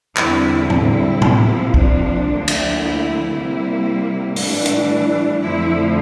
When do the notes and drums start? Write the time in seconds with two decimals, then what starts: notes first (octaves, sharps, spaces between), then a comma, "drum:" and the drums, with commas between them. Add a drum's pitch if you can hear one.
0.17 E2 D3 G3 C4 E4, drum: clap
0.70 E4, drum: tom
1.22 C3 F3 A#3, drum: tom
1.74 D4, drum: kick
2.27 D2 D3 F3 A#3
2.48 drum: cymbal
2.79 E4
3.32 C3 G3 A#3 E4
4.36 A2 E3 G3 D4, drum: open hi-hat
4.66 drum: hi-hat
5.41 F2 D3 F3 A3 E4